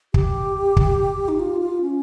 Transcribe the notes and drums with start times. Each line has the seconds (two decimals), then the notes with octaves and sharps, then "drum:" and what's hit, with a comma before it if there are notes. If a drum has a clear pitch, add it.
0.14 G4, drum: kick
0.77 drum: kick
1.28 D#4
1.39 F4
1.60 F4
1.81 C#4